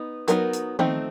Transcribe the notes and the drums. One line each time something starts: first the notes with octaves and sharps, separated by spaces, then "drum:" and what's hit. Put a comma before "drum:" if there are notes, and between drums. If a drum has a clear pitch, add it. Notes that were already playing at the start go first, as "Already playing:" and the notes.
Already playing: B3 D#4
F#3 B3 D#4 A#4, drum: hi-hat
drum: hi-hat
F3 A3 C4 D#4, drum: tom D#3